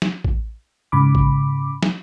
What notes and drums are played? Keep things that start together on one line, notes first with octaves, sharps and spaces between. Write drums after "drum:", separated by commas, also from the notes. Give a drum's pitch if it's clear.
drum: snare
drum: kick A1
G#2 C#3 B5 D6
drum: kick A1
drum: snare